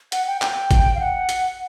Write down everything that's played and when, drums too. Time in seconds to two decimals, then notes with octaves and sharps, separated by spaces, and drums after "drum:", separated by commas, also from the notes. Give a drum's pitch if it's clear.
0.12 F#5, drum: hi-hat
0.27 G5
0.42 G5, drum: clap
0.71 drum: kick G#1, hi-hat
0.95 F5
1.00 F#5
1.29 drum: hi-hat